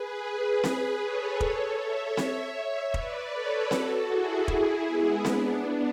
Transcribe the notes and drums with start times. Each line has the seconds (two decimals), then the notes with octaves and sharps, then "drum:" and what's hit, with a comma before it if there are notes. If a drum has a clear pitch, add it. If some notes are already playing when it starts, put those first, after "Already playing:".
Already playing: G#4 B4
0.64 drum: snare C4
1.02 A4 C#5
1.41 drum: kick
1.79 C#5 E5
2.17 drum: snare C4
2.94 B4 D5, drum: kick
3.33 A4 C#5
3.71 F#4 A4, drum: snare C4
4.09 E4 G#4
4.48 drum: kick
4.86 G#3 B3
5.25 B3 D4, drum: snare C4